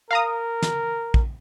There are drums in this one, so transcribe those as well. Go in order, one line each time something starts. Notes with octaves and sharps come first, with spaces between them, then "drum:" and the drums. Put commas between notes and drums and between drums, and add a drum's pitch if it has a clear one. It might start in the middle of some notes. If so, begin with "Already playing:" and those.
A#4 F5 A#5 D#6
drum: snare
drum: kick